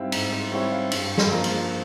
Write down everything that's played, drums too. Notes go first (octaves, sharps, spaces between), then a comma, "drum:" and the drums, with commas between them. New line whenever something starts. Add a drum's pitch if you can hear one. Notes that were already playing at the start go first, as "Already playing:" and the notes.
Already playing: G#2 G3 C4 E4 F5
G#2, drum: cymbal
C5
G3 C4 E4 C#5
F5
G2, drum: cymbal
drum: snare
F3 A#3
drum: cymbal